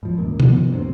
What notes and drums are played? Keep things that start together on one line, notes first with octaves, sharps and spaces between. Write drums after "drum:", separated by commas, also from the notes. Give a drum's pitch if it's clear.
G#2 F3
D#1 C#2 A#3
D#3 F3 B3, drum: tom
D2 G2 F#3 C4